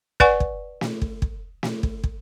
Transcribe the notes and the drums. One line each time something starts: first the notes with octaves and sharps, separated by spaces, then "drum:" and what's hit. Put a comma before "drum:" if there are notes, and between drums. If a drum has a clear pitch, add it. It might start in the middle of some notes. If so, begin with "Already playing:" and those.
B4 D5 F#5 G#5 C#6, drum: kick
drum: kick
drum: snare
drum: kick
drum: kick
drum: snare
drum: kick
drum: kick